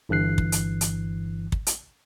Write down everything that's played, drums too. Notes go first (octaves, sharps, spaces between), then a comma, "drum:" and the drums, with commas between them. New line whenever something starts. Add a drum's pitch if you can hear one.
G1 G2 E3 F#6 C7
drum: kick
drum: hi-hat
drum: hi-hat
drum: kick
drum: hi-hat